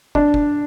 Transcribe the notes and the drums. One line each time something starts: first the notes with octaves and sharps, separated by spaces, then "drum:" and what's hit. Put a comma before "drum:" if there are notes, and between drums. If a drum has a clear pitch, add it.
D4, drum: kick
drum: kick